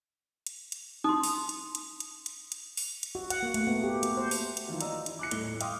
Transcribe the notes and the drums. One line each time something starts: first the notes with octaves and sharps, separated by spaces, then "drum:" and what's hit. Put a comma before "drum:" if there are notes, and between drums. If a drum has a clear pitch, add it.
drum: hi-hat
drum: hi-hat
D#4 C6 D#6
drum: open hi-hat
drum: hi-hat
drum: hi-hat
drum: hi-hat
drum: hi-hat
drum: hi-hat
drum: open hi-hat
drum: hi-hat
F#4
F#5, drum: hi-hat
A#3
A3, drum: hi-hat
B3
G4
F#4, drum: hi-hat
C5
drum: open hi-hat
drum: hi-hat
D#3 E3 F#3 F4
D5 D#5 A#5 E6, drum: hi-hat
E4, drum: hi-hat
D6 F#6 C#7
D#1 A2 G7, drum: hi-hat
F5 G5 C6 D6 D#6 F6, drum: hi-hat